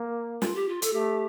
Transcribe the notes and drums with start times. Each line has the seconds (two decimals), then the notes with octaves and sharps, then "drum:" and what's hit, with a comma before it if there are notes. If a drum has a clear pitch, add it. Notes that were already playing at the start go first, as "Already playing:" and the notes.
Already playing: A#3
0.42 F4, drum: snare
0.55 G4
0.68 F4
0.82 A4, drum: hi-hat
0.92 A3 G4